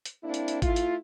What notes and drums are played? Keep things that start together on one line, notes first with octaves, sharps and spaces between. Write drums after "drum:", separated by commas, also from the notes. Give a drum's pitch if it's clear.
drum: hi-hat
A#3 C4 D4 E4
drum: hi-hat
drum: hi-hat
A3 E4 F4, drum: kick G#1, hi-hat
drum: hi-hat